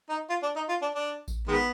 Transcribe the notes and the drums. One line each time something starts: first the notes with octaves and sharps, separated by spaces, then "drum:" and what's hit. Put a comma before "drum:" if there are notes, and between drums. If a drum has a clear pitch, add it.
D#4
F4
D4
D#4
F4
D4
D4
drum: kick A1, tambourine
D#3 G#3 B3